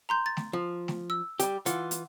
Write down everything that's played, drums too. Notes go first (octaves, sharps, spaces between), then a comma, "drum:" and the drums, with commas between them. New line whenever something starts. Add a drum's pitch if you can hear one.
A#5 C6 G6
A6
drum: snare A3
F3
drum: snare A3
E6
G3 G4, drum: hi-hat
E3 F4 F#5, drum: hi-hat
drum: hi-hat